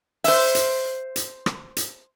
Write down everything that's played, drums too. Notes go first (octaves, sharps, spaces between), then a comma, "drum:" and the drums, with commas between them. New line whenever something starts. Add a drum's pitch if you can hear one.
C5 E5, drum: open hi-hat
drum: hi-hat
drum: hi-hat
drum: rim click
drum: hi-hat